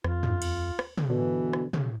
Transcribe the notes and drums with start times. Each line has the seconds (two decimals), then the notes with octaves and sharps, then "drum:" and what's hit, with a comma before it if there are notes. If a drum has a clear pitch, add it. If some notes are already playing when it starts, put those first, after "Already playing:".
0.04 F2 F4, drum: rim click
0.23 drum: tom
0.42 drum: cymbal
0.79 drum: rim click
0.98 drum: tom
1.10 B2 D3 E3
1.53 drum: rim click
1.73 C#3, drum: tom